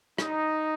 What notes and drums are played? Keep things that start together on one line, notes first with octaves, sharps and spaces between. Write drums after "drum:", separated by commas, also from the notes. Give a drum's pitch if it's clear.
D#4, drum: rim click